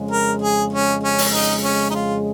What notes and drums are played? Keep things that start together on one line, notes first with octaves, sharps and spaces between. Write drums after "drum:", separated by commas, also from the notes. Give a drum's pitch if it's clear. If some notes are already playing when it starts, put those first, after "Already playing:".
Already playing: F2 C#3 G#3
A#4
G#4
C#4
C#4
drum: open hi-hat
D#4
C#4
D#4
F4